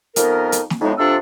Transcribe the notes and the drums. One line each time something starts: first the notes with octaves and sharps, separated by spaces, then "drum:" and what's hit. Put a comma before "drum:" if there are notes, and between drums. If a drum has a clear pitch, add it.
F2 F3 B3 D#4 A#4, drum: hi-hat
drum: hi-hat
drum: snare
F2 A2 G#3 B3 D#4
C3 F3 D4 F4 A4 E6